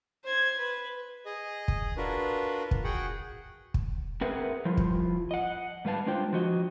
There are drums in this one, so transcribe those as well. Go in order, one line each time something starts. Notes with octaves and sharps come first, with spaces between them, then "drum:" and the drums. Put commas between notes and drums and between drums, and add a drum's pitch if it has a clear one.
C5 G#6
B4
G#4 D#5
drum: kick
D4 F4 F#4 A#4 B4
drum: kick
F#4 G#4 F#5 G5
drum: kick
C4 G#4 A#4 B4 E5 F#5
F3 G3 E4 F4
drum: kick
D#5 F#5
G#2 G3 B4 F5 A5
G3 G#3 D4 F4 C5 G5
F3 F#4 D#5